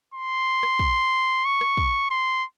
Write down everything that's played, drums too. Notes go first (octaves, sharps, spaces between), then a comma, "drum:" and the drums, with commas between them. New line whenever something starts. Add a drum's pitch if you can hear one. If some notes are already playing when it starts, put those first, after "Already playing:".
C6
drum: rim click
drum: kick
C#6
drum: rim click
drum: kick
C6